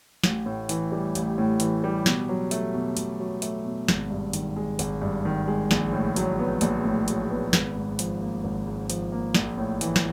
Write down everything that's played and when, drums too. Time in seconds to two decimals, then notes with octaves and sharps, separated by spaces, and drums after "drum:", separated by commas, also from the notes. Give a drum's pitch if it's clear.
0.24 A1, drum: snare
0.46 A2
0.69 E3, drum: hi-hat
0.92 G3
1.15 A1, drum: hi-hat
1.38 A2
1.60 E3, drum: hi-hat
1.84 G3
2.06 B2, drum: snare
2.29 F#3
2.51 A3, drum: hi-hat
2.74 B2
2.97 B2, drum: hi-hat
3.20 F#3
3.42 A3, drum: hi-hat
3.65 B2
3.88 G#1, drum: snare
4.11 G2
4.33 D#3, drum: hi-hat
4.56 G#3
4.79 G#1, drum: hi-hat
5.02 G2
5.25 D#3
5.48 G#3
5.71 A#1, drum: snare
5.93 A2
6.16 F#3, drum: hi-hat
6.39 B3
6.61 A#1, drum: hi-hat
6.84 A2
7.08 F#3, drum: hi-hat
7.30 B3
7.53 G#1, drum: snare
7.76 G#2
7.99 F3, drum: hi-hat
8.21 A#3
8.44 G#1
8.67 G#2
8.90 F3, drum: hi-hat
9.12 A#3
9.34 A#1, drum: snare
9.58 A2
9.81 E3, drum: hi-hat
9.96 drum: snare